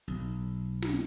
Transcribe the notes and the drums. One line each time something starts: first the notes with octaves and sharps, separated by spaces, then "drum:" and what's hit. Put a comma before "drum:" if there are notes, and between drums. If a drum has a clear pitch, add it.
B1
drum: snare